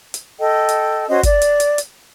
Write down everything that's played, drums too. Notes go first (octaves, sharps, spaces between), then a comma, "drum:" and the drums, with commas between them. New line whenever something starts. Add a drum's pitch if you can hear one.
drum: hi-hat
A4 D#5 G5
drum: hi-hat
C#4 F#4 C5 D#5
D5, drum: kick G1, hi-hat
drum: hi-hat
drum: hi-hat
drum: hi-hat